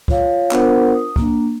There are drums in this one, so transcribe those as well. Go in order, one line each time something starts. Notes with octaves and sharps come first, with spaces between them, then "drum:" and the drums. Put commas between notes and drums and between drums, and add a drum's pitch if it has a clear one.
F4 C#5 F5, drum: kick
B3 D4 F4 A#4 C5 F#5, drum: clap
D#6
A#3 D4, drum: kick